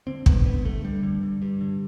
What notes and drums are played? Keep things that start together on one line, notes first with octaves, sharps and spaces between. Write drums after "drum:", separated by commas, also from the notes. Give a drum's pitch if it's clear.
D3 C4
D3 B3, drum: kick
G2 B3
D3 A3
G2 G3
D3
D3
G2
D3